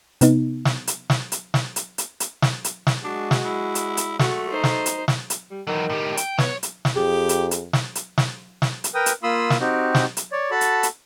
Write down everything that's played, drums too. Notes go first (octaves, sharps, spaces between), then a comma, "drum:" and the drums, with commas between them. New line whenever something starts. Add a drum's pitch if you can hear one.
C3 B3 D#4, drum: hi-hat
drum: snare
drum: hi-hat
drum: snare
drum: hi-hat
drum: snare
drum: hi-hat
drum: hi-hat
drum: hi-hat
drum: snare
drum: hi-hat
drum: snare
G#3 D4 F#4
drum: snare
E4
drum: hi-hat
drum: hi-hat
A3 F#4, drum: snare
D#4 C5
drum: snare
drum: hi-hat
drum: snare
drum: hi-hat
G3
D#3 E3 F#3
A2 G4
G5, drum: hi-hat
B3 C#5, drum: snare
drum: hi-hat
drum: snare
F2 G4 G#4
drum: hi-hat
drum: hi-hat
drum: snare
drum: hi-hat
drum: snare
drum: snare
drum: hi-hat
A#4 B4 G5 D#6
drum: hi-hat
A#3 F4 B5 C6 D#6 E6
drum: snare
C4 D#4 F#4 G4
drum: snare
drum: hi-hat
C#5 D5
F#4 A4 A5 B5
drum: hi-hat
drum: hi-hat